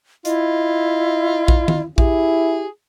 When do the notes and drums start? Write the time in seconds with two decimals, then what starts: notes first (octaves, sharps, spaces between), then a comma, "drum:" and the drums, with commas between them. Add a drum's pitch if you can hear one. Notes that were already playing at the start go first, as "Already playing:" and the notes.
0.25 E4 F4 D#5, drum: hi-hat
1.48 drum: kick A#1
1.68 drum: tom D#3
1.98 E4 G4 G#4, drum: kick A#1